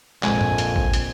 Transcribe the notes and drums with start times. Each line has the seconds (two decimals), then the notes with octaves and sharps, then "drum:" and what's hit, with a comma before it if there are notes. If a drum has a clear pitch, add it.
0.23 A#1 F2 G#3 G#5, drum: clap
0.41 drum: tom G2
0.58 drum: hi-hat
0.76 drum: kick A1
0.93 drum: hi-hat